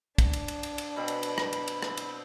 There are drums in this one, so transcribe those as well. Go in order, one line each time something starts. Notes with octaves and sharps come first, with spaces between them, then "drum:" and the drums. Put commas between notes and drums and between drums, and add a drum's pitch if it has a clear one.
D4, drum: kick, cymbal
drum: cymbal
drum: cymbal
drum: cymbal
drum: cymbal
B2 C4 B5
drum: cymbal
drum: cymbal
drum: rim click
drum: cymbal
drum: cymbal
drum: rim click
drum: cymbal